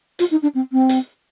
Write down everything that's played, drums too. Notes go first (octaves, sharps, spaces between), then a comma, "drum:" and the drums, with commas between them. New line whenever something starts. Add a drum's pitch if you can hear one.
F4, drum: hi-hat
D#4
D4
C4
C4
drum: hi-hat